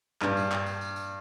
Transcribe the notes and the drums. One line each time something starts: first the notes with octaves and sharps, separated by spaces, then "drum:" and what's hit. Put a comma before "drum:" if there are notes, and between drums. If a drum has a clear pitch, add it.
G2, drum: clap
drum: tambourine
drum: clap
drum: tambourine
drum: tambourine
drum: tambourine